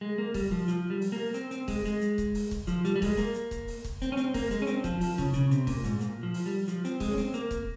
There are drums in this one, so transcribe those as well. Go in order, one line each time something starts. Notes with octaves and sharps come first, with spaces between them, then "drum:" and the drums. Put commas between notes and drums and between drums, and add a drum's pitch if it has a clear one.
G#3
A#3
G3, drum: kick, open hi-hat
F3
F3, drum: hi-hat
G3
drum: open hi-hat
A#3
C4, drum: hi-hat
C4, drum: hi-hat
G#3, drum: kick, open hi-hat
G#3, drum: hi-hat
drum: hi-hat
drum: kick, hi-hat
drum: open hi-hat
drum: kick, hi-hat
F3, drum: hi-hat
G3, drum: hi-hat
G3
G#3, drum: kick, open hi-hat
A#3, drum: hi-hat
drum: hi-hat
drum: kick, hi-hat
drum: open hi-hat
drum: kick, hi-hat
C4, drum: hi-hat
C#4
C4, drum: hi-hat
A#3, drum: kick, open hi-hat
G#3, drum: hi-hat
C#4
C4, drum: hi-hat
F3, drum: kick, hi-hat
F3, drum: open hi-hat
C#3, drum: kick, hi-hat
C#3, drum: hi-hat
C3, drum: hi-hat
A#2, drum: kick, open hi-hat
G#2, drum: hi-hat
A#2, drum: hi-hat
F3
drum: open hi-hat
G3
F3, drum: hi-hat
C4, drum: hi-hat
G#3, drum: kick, open hi-hat
C#4
C4, drum: hi-hat
A#3, drum: hi-hat
drum: kick, hi-hat